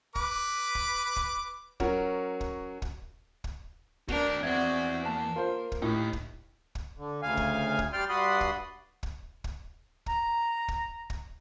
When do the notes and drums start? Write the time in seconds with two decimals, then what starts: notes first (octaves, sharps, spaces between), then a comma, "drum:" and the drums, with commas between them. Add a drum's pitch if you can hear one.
0.15 B4 D6, drum: kick
0.75 drum: kick
1.16 drum: kick
1.80 F#3 C#4 F#4 A#4, drum: kick
2.41 drum: kick
2.82 drum: kick
3.44 drum: kick
4.08 D4 F#4 A#4 D5, drum: kick
4.43 E2 C4 F#4 D5 E5 G#6
5.06 A#3 A5
5.36 F4 A#4 C5
5.72 drum: kick
5.82 A2 D#4 G4
6.13 drum: kick
6.75 drum: kick
6.97 D3
7.22 D2 C#3 F5 G#5
7.37 drum: kick
7.79 drum: kick
7.93 G3 D5 G5 C6 F6
8.09 G2 F#4 D5 B5 C6 D#6
8.41 drum: kick
9.03 drum: kick
9.44 drum: kick
10.06 A#5, drum: kick
10.68 drum: kick
11.10 drum: kick